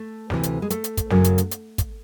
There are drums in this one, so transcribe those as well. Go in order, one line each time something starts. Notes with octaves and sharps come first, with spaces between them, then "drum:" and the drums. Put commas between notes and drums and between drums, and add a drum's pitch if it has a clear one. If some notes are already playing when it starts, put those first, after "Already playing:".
Already playing: A3
D2 C3 E3, drum: snare
drum: hi-hat
G#3
A3, drum: hi-hat
drum: hi-hat
drum: kick, hi-hat
F#2 C#3 F#3, drum: snare
drum: hi-hat
drum: hi-hat
drum: hi-hat
drum: kick, hi-hat